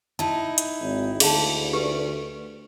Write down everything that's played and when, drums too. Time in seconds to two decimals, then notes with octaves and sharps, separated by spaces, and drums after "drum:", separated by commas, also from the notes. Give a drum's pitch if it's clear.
0.19 D#4 E4 A5
0.58 drum: hi-hat
0.81 G#1
1.20 D2 G#4 F5 A5, drum: cymbal
1.73 G4 B4